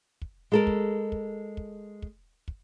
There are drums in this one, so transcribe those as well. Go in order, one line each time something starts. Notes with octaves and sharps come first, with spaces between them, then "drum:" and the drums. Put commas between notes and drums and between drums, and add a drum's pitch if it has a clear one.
drum: kick
G#3 A4 A#4
drum: kick
drum: kick
drum: kick
drum: kick
drum: kick